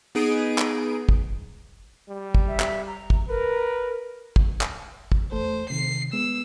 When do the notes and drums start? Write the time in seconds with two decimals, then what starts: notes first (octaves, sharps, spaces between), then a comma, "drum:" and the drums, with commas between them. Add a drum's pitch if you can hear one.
0.15 B3 D#4 G#4 D7 D#7
0.58 drum: clap
1.09 drum: kick
2.09 G3
2.35 drum: kick
2.48 E5
2.60 drum: clap
2.87 A#5
3.10 drum: kick
3.29 A#4 B4
4.36 drum: kick
4.61 drum: clap
5.12 drum: kick
5.32 E2 A3 A4 C5
5.70 C3 D#3 C7
6.13 G#3 B3 E6